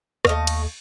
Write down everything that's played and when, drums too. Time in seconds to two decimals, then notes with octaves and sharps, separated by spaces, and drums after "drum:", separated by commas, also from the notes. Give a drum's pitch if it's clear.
0.25 D#2 A3 D#5 F5, drum: rim click
0.47 drum: cymbal